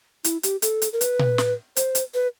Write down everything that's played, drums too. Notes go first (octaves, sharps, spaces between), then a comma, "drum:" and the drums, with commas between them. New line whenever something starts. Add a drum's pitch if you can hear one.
E4, drum: hi-hat
G4, drum: hi-hat
A4, drum: hi-hat
drum: hi-hat
A#4
B4, drum: hi-hat
drum: tom A#2
drum: snare
C5, drum: hi-hat
drum: hi-hat
B4